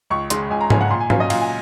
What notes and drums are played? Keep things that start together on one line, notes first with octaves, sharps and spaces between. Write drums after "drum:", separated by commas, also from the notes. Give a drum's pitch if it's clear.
C#2 C#6
C#3 G#3 C6, drum: hi-hat
C#2 G#5
A#5
C#3 G#3 G#5, drum: tom G#2
F#5
A#2 C6
G#5
F#3 C#4 F5, drum: tom G#2
D#5
A#2 F5, drum: cymbal
G#5